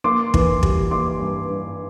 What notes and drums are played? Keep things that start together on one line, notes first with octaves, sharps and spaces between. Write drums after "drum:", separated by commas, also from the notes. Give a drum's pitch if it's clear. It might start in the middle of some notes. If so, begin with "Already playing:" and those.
A#3 C6 D6
E3, drum: kick
G3, drum: kick
A#3 C6 D6
G2
G2